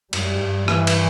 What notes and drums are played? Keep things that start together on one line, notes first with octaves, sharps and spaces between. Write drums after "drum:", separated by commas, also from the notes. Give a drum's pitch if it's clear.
F#2 G3, drum: cymbal
G#2
G2
G2 E3, drum: rim click
drum: cymbal